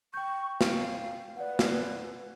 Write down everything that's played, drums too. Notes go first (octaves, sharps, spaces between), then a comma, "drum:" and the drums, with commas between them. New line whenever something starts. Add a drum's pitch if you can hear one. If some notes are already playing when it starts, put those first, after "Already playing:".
G5 C#6 G6
F5, drum: snare
B4 D5 F#5
drum: snare